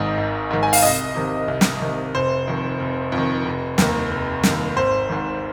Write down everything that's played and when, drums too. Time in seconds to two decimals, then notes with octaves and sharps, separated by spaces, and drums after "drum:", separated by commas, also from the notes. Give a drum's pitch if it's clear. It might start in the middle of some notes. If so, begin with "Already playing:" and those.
Already playing: G#1 G#2 D#3 D#5
0.17 G#1
0.51 G#2 D#3
0.63 G#5
0.73 F5, drum: open hi-hat
0.82 C2 D#5
1.15 C3 D#3
1.48 C2
1.61 drum: snare
1.82 C3 D#3
2.14 F1 C5
2.48 F2 D#3
2.80 F1
3.12 F2
3.18 D#3
3.45 F1
3.78 D#2 D#3, drum: snare
4.11 F1
4.44 D#2 D#3, drum: snare
4.76 G#1 C5
5.10 G#2 D#3